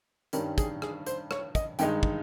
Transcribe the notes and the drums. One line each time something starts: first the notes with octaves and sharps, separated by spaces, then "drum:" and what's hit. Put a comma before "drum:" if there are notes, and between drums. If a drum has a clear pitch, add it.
G2 D#3 G3 C#4 A#4, drum: hi-hat
G#4, drum: kick, hi-hat
G#4, drum: rim click
C5, drum: hi-hat
C#5, drum: rim click
D#5, drum: kick, hi-hat
G2 D#3 G#3 D#4 G5, drum: hi-hat
drum: kick